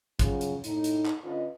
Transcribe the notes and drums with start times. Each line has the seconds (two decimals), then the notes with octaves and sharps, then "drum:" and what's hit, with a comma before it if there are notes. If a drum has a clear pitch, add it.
0.19 C#3 F3 F#3, drum: kick, hi-hat
0.41 drum: hi-hat
0.64 A2 D#4, drum: hi-hat
0.84 drum: hi-hat
1.06 drum: clap
1.24 D3 C#4 F4 B4 D#5